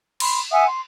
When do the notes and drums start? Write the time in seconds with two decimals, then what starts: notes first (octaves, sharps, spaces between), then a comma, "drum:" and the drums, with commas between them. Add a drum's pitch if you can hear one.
0.20 B5 C6, drum: cymbal
0.51 E5 F#5 G#5 D#6
0.66 C6